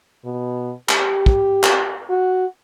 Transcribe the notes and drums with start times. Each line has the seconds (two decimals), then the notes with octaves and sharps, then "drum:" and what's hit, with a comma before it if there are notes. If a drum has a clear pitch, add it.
0.25 B2
0.89 G4, drum: clap
1.26 drum: kick
1.63 drum: clap
2.10 F#4